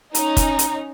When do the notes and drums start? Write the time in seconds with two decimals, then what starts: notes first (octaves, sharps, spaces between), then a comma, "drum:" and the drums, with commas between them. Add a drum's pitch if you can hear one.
0.15 C#4 D#4 A#5, drum: hi-hat
0.37 drum: kick, hi-hat
0.59 drum: hi-hat